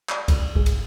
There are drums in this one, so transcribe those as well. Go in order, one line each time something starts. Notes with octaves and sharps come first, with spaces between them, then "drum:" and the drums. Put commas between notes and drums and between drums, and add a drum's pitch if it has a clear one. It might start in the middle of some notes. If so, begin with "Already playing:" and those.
D5 E6 G6, drum: clap
drum: kick C2, cymbal
G1 C2 G#2 G#4
drum: cymbal